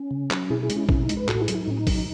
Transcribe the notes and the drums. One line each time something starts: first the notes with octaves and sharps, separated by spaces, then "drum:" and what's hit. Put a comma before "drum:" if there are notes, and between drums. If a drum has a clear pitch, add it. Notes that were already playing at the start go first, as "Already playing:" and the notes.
Already playing: C#4
C#3
F#3, drum: clap
B2 E4 G#4
E4 G#4
G#3, drum: hi-hat
C#4 E4
B2 C#4 E4, drum: kick
D#4
G#3, drum: hi-hat
B4
A2 F#4 A4, drum: clap
E4 G#4
F#3, drum: hi-hat
E4
D#4
A2 C#4
D#4
F#3, drum: kick, open hi-hat